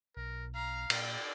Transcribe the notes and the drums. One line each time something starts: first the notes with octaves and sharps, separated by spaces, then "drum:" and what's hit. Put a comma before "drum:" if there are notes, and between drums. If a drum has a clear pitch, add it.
B1 A#4
F5 A#5
A#2 D5 G5, drum: cymbal